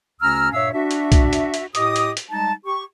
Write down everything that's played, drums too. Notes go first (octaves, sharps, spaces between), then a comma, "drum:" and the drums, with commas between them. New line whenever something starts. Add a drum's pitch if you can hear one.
D2 C#3 C#4 A#5 E6 F6
G2 A#2 C#5 E5 F5 E6
D4 F#4 E5
drum: hi-hat
drum: kick, hi-hat
drum: hi-hat
drum: hi-hat
A2 G4 D#5 D6 D#6, drum: hi-hat
drum: hi-hat
drum: hi-hat
G3 G#3 D#4 A5
G4 C#6